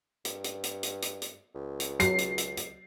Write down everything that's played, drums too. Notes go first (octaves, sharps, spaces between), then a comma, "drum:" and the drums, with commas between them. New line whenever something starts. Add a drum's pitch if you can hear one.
G2, drum: hi-hat
drum: hi-hat
drum: hi-hat
drum: hi-hat
drum: hi-hat
drum: hi-hat
C#2
drum: hi-hat
F#3 C7, drum: hi-hat
drum: hi-hat
drum: hi-hat
drum: hi-hat